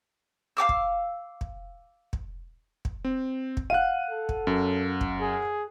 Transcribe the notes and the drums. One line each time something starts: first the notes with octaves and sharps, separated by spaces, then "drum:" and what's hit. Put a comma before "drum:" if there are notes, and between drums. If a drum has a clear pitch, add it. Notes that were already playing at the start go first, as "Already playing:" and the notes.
F5 G5 D6 E6
drum: kick
drum: kick
drum: kick
drum: kick
C4
drum: kick
F5 F#5 F#6 D#7
A4
drum: kick
F#2
drum: kick
G#4